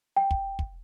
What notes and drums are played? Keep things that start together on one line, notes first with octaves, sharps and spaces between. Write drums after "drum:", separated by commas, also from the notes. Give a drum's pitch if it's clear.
G5
drum: kick
drum: kick